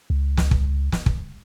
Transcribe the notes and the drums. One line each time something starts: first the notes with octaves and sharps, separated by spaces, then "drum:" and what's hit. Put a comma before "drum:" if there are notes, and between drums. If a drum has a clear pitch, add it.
C#2
drum: snare
drum: kick
drum: snare
drum: kick